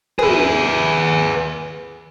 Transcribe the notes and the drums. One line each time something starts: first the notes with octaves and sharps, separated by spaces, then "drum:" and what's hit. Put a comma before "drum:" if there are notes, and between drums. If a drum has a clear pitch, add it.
G#4 B4, drum: tom